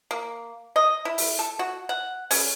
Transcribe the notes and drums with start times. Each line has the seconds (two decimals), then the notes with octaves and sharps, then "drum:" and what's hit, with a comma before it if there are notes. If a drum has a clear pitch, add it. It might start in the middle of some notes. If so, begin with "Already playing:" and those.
0.11 A#3
0.76 D#5
1.05 E4
1.18 drum: open hi-hat
1.39 A4
1.59 F#4
1.89 F#5
2.31 C#4, drum: open hi-hat